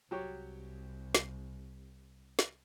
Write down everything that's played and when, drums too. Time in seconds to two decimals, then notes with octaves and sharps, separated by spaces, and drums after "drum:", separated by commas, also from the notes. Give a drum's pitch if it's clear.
0.11 C2 F#3 G4 C#5
1.15 drum: snare
2.39 drum: snare